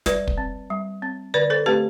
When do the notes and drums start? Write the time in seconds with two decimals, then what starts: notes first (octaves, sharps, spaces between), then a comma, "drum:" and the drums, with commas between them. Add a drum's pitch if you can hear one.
0.06 G3 B4 D5, drum: snare
0.28 drum: kick
0.38 C4
0.70 G3
1.02 C4
1.34 D3 B4 D5
1.50 A4 C5
1.66 A3 C4 G4 B4